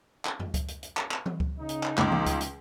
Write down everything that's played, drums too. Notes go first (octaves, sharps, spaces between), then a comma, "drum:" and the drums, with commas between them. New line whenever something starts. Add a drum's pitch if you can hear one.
drum: clap
drum: tom F2
drum: kick C#2, hi-hat
drum: hi-hat
drum: hi-hat
drum: clap
drum: clap
drum: tom E3
drum: kick C#2
C#3 D#4
drum: hi-hat
drum: clap
C#2 D6, drum: clap
drum: tom E3
drum: kick C#2, hi-hat
drum: hi-hat